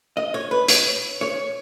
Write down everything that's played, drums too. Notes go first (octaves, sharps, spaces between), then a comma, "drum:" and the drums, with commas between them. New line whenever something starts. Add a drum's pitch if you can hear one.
D#5
C#5
B4
C#5, drum: hi-hat
C#5